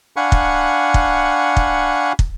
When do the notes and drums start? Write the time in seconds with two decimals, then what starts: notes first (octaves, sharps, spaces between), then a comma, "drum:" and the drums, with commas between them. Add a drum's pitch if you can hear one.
0.16 D4 F5 F#5 G#5 B5 C#6
0.32 drum: kick
0.94 drum: kick
1.57 drum: kick
2.19 drum: kick